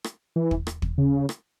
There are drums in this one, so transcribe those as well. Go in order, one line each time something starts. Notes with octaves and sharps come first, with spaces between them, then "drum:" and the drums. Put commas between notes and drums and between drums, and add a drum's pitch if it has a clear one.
drum: rim click
E3
drum: kick
drum: rim click
drum: kick
C#3
drum: rim click